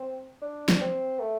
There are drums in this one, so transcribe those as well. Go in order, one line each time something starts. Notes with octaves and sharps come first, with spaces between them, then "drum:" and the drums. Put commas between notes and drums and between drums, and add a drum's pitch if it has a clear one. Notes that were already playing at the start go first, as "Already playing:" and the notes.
Already playing: C4
D4
drum: snare
C4
A3